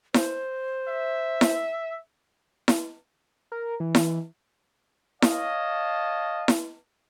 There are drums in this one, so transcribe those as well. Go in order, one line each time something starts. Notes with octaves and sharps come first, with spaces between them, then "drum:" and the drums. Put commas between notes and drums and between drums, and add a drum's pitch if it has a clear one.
C5, drum: snare E4
E5
drum: snare E4
drum: snare E4
A#4
E3
drum: snare E4
C#5 D#5 F5 A5, drum: snare E4
drum: snare E4